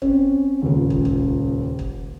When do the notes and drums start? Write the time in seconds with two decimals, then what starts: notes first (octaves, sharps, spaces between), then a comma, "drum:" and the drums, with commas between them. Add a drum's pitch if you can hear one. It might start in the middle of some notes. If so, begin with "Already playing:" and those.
0.02 C4 C#4, drum: kick
0.62 D#1 C#2 C#3
0.90 drum: kick
1.05 drum: kick
1.79 drum: kick